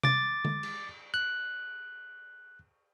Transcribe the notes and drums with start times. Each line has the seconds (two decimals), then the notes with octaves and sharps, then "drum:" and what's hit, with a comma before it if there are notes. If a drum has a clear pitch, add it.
0.03 D6 A6, drum: tom C3
0.45 drum: tom D3
0.63 drum: cymbal
1.14 F#6